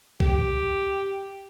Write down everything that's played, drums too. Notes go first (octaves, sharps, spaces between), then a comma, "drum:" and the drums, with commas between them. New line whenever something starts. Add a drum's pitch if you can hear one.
G4, drum: kick B1